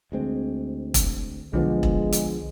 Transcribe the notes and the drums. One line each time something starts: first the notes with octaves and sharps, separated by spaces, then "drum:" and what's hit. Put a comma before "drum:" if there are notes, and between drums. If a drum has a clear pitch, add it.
D2 G#3 C4
drum: kick E1, hi-hat
B1 D3 F3 G#3 B3
drum: kick E1
drum: hi-hat